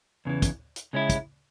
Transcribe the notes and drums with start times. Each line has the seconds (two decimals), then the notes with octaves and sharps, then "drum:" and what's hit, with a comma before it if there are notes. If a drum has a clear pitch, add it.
0.25 E2 C#3 E3
0.42 drum: kick, hi-hat
0.76 drum: hi-hat
0.93 C#3 G#3 C#4 E4
1.09 drum: kick, hi-hat